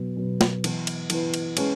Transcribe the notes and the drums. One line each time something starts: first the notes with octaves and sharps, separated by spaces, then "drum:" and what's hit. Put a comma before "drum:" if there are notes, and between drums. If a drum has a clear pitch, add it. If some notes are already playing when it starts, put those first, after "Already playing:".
Already playing: B2 F#3 B3
B2 F#3 B3
drum: snare
E3 B3 E4 B4, drum: cymbal
drum: cymbal
E3 B3 E4 B4, drum: cymbal
drum: cymbal
G#3 C#4 G#4 B4, drum: cymbal